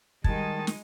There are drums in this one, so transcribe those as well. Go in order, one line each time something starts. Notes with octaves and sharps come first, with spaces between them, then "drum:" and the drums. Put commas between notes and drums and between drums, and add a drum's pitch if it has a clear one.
D#3 G3 G#3 D#4 A5 G#6, drum: kick
drum: snare